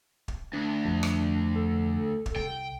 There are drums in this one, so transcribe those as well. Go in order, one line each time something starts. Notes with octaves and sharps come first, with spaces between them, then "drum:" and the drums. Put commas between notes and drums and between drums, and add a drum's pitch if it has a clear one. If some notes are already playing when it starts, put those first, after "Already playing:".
drum: kick
D2 D4
F2 F3
drum: rim click
A4
drum: kick
C2 G5